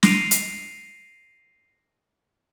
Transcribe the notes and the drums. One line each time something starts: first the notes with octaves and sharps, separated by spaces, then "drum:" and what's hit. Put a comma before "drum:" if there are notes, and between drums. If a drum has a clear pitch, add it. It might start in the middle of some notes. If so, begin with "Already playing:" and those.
A#6 C7 D7 D#7 F7, drum: snare
drum: hi-hat